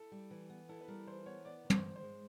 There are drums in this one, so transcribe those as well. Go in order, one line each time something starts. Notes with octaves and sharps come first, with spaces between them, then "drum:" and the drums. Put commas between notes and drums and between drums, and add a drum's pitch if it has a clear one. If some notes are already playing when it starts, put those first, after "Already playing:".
Already playing: E4 A4
G3
E3
B3
E4 A4
B4
G3 A#4
E3 C5
B3 C#5
B3 D5
D#3
C5, drum: tom
G#2
C5
G#3